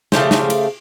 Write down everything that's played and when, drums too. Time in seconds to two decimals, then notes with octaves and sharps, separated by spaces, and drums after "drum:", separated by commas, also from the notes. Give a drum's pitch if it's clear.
0.12 C#3 A3 G4 C5, drum: snare
0.31 drum: snare
0.50 drum: cymbal